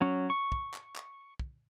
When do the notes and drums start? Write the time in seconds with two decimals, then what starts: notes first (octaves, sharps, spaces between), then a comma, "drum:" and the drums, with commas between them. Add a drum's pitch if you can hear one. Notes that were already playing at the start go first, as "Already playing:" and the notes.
0.01 F#3 C#4
0.30 C#6
0.52 drum: kick
0.74 drum: clap
0.96 drum: clap
1.39 drum: kick